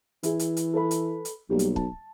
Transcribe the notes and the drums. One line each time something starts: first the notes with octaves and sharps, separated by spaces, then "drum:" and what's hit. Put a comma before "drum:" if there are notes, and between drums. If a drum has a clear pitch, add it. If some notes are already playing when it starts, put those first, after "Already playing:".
E3 E4 G#4, drum: hi-hat
drum: hi-hat
drum: hi-hat
A4 B4 B5
drum: hi-hat
drum: hi-hat
B1 G3 A#3 G4
drum: hi-hat
A5, drum: kick